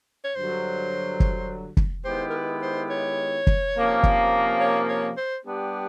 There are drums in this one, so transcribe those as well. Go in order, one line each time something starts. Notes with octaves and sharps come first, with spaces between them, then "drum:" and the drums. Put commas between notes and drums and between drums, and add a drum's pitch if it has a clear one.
C#5
G2 D3 F#3 C5
drum: kick
drum: kick
D#3 G#3 B3 E4 G4 C5
A#4
B4
C5
C#5
drum: kick
C3 F3 A#3 C#4
drum: kick
C#5
C#5
C5
G3 B3 D4 G4